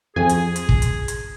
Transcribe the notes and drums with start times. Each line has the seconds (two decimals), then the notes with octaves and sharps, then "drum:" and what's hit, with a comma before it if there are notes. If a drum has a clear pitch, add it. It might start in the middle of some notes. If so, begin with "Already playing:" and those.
0.16 F2 G#4 G#5
0.29 drum: hi-hat
0.56 drum: hi-hat
0.69 drum: kick
0.82 drum: hi-hat
1.08 drum: hi-hat